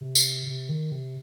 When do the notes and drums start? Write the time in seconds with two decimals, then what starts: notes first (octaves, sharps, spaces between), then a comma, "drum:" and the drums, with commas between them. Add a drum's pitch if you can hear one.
0.01 C3
0.15 drum: tambourine
0.46 C3
0.69 D#3
0.92 C3